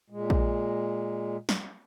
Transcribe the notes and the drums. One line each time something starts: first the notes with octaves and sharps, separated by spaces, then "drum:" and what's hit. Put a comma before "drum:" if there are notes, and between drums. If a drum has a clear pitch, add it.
A#2 G#3
drum: kick A#1
drum: snare